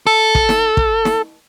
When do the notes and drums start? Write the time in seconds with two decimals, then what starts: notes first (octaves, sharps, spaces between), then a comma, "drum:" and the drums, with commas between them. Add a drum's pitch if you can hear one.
0.07 A4
0.35 drum: kick
0.49 drum: snare
0.77 drum: kick
1.05 drum: snare